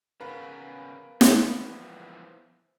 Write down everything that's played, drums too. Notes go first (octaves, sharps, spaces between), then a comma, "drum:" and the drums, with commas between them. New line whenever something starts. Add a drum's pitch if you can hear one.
C#3 B3 A#4 B4 F5
E3 F3 B3, drum: snare